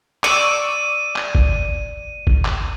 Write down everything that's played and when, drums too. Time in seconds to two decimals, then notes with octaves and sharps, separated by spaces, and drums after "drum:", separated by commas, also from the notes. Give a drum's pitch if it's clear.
0.24 D5 C#6 D6 E6 D#7, drum: clap
1.16 drum: clap
1.35 drum: kick G1
2.27 drum: kick G1
2.45 drum: clap